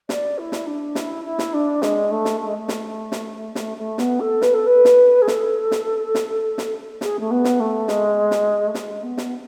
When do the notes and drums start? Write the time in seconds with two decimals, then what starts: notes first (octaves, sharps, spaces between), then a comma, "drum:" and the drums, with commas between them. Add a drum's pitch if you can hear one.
0.09 D5, drum: snare
0.38 E4
0.52 drum: snare
0.66 D4
0.95 E4, drum: snare
1.24 E4
1.39 drum: snare
1.53 D4
1.82 G#3, drum: snare
2.11 A3
2.25 drum: snare
2.40 A3
2.46 G#3
2.55 A3
2.68 drum: snare
3.12 drum: snare
3.55 A3, drum: snare
3.77 A3
3.98 B3, drum: snare
4.20 A4
4.42 B4, drum: snare
4.54 A4
4.66 B4
4.85 drum: snare
5.22 G#4
5.27 A4, drum: snare
5.71 drum: snare
6.15 drum: snare
6.58 drum: snare
7.01 G#4, drum: snare
7.19 A3
7.30 B3
7.44 drum: snare
7.59 A3
7.88 G#3, drum: snare
8.31 drum: snare
8.67 A3
8.74 G#3, drum: snare
9.03 B3
9.18 drum: snare